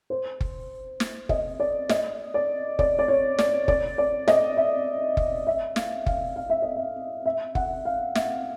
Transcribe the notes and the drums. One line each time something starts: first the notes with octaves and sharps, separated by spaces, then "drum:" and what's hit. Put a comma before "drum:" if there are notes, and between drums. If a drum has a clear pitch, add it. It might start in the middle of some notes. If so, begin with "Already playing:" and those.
C5
drum: kick F#1
drum: snare
D#5, drum: kick F#1
D5
D#5, drum: snare
D5
D5, drum: kick F#1
D5
C#5
D5, drum: snare
D5, drum: kick F#1
D5
D#5, drum: snare
E5
drum: kick F#1
E5
F5, drum: snare
F5, drum: kick F#1
F5
E5
D#5
E5
E5
F#5, drum: kick F#1
F5
E5, drum: snare